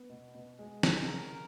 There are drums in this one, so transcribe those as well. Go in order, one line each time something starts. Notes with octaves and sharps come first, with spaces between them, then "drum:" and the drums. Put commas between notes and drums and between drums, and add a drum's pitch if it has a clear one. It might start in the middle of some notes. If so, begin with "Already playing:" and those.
Already playing: B3
B2
B2
G#3
B2, drum: snare
C#3 A#4